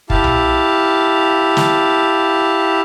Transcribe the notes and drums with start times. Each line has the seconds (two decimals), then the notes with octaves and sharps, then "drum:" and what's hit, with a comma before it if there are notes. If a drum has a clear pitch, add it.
0.10 E4 G4 F5 A5, drum: kick
0.24 drum: tom B1
1.57 drum: snare